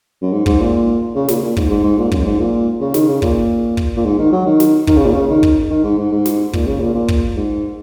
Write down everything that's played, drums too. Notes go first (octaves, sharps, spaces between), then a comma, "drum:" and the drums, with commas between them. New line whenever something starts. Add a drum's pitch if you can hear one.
F#2
G#2
G#2, drum: kick
A#2
C#3
A#2, drum: snare
A#2
G#2, drum: kick
G#2
G#2
A#2
F#2, drum: kick
G#2
A#2
C#3
D#3, drum: snare
C#3
A#2, drum: kick
drum: kick
A#2
G#2
D#3
F#3
D#3
drum: snare
D#3, drum: kick
C#3
A#2
C#3
D#3
drum: kick
D#3
G#2
G#2
G#2
drum: snare
A#2, drum: kick
C#3
A#2
A#2
drum: kick
G#2